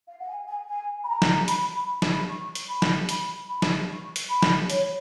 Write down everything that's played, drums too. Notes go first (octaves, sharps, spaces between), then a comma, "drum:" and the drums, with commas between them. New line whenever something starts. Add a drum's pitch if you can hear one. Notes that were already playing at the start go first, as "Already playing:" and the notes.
F5
F#5
G#5
G#5
G#5
B5
A#5
drum: snare
B5, drum: hi-hat
B5
B5, drum: snare
C#6
drum: hi-hat
B5
drum: snare
B5, drum: hi-hat
B5
drum: snare
C#6
drum: hi-hat
B5
drum: snare
C#5, drum: hi-hat